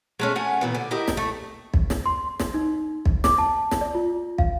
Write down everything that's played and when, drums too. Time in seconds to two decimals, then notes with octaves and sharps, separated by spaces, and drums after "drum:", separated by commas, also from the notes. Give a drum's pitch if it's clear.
0.20 G#3 A3 C#4
0.35 A3 C#4 F#5 G#5
0.61 A#2 E3 B3
0.75 D3
0.91 E4 G4 A#4 D#5
1.08 drum: snare
1.17 A3
1.74 drum: kick
1.90 drum: snare
2.06 C6
2.40 drum: snare
2.54 D#4
3.05 drum: kick
3.24 D6, drum: snare
3.38 A5
3.71 drum: snare
3.81 D5
3.95 F4
4.38 F5, drum: kick